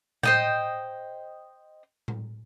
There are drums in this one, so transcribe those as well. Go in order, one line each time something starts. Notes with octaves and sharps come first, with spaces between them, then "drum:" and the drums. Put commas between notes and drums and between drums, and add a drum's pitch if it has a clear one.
C5 D#5 G5, drum: tom A2
drum: tom A2